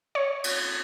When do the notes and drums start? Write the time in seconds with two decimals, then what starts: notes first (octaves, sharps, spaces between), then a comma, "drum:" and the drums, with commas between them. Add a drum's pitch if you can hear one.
0.15 C#5
0.44 drum: cymbal